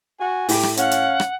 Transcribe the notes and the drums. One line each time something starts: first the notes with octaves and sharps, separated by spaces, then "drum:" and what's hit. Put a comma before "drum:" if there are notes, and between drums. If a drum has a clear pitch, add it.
F#4 G#5
A2 G4, drum: open hi-hat
drum: rim click
C#4 F5 F#5, drum: hi-hat
drum: hi-hat
drum: rim click